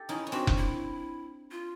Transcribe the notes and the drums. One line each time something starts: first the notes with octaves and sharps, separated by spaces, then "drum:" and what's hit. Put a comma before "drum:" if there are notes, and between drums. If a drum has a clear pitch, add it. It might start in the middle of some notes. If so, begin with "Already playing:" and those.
Already playing: G4 A4
C#4 D#4 E4
C#4
C4 D4 F#4
drum: kick F1
E4
F4